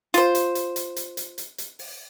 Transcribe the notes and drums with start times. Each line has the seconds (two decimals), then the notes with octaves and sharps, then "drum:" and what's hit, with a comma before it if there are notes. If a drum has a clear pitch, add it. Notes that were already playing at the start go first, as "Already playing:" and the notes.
0.14 F4 C5, drum: hi-hat
0.35 drum: hi-hat
0.55 drum: hi-hat
0.76 drum: hi-hat
0.96 drum: hi-hat
1.17 drum: hi-hat
1.38 drum: hi-hat
1.58 drum: hi-hat
1.79 drum: open hi-hat